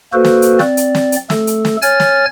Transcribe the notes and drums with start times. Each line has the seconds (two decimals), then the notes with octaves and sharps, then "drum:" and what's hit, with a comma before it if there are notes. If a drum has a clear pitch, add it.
0.13 A#3 F#4 A4 B4 C5
0.25 drum: snare
0.42 drum: hi-hat
0.59 C4 D5, drum: snare
0.77 drum: hi-hat
0.95 drum: snare
1.12 drum: hi-hat
1.30 A3 A4, drum: snare
1.47 drum: hi-hat
1.65 drum: snare
1.82 C#5 G#5 F6 A6, drum: hi-hat
2.00 drum: snare